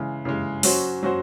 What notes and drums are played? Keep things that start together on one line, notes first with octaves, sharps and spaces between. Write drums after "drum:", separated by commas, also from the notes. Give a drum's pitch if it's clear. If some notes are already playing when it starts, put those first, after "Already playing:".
Already playing: C#3 E3 G#3
C#3 E3 G#3
F#3 C#4 F#4 C5, drum: open hi-hat
F#3 C#4 F#4 C5